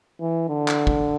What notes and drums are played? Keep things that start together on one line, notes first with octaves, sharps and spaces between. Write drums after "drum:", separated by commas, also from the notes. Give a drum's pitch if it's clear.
E3
D3
drum: clap
drum: kick